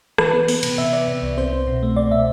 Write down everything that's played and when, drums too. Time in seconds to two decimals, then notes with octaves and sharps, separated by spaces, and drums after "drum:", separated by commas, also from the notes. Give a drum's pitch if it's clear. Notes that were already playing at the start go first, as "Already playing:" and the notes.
0.18 E3 B4, drum: rim click
0.33 B3
0.48 B3, drum: open hi-hat
0.63 C3, drum: cymbal
0.78 C3 E5
0.93 B3 D5
1.08 C3
1.22 C2
1.38 C4 C5
1.53 C4
1.67 B2
1.83 A3
1.96 B2 D5
2.11 B2 E5